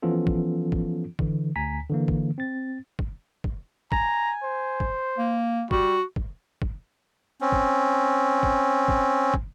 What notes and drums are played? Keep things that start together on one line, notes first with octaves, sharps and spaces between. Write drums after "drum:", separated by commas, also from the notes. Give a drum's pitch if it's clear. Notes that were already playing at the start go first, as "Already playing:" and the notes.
E3 F3 B3 C#4 F4 A4
drum: kick
drum: kick
D3 E3, drum: kick
D2 G#5 A#5 B6
D3 E3 A#3
drum: kick
C4 A6
drum: kick
drum: kick
G#5 A#5, drum: kick
C5
drum: kick
A#3
G3 F#4, drum: kick
drum: kick
drum: kick
C4 C#4
drum: kick
drum: kick
drum: kick
drum: kick